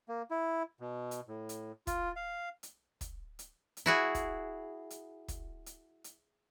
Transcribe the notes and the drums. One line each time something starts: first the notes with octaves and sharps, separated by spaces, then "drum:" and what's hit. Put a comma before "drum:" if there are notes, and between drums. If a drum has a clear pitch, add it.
A#3
E4
B2
drum: hi-hat
A2
drum: hi-hat
F4, drum: kick, hi-hat
F5
drum: hi-hat
drum: kick, hi-hat
drum: hi-hat
drum: hi-hat
E4 F#4 G#4
drum: kick, hi-hat
drum: hi-hat
drum: kick, hi-hat
drum: hi-hat
drum: hi-hat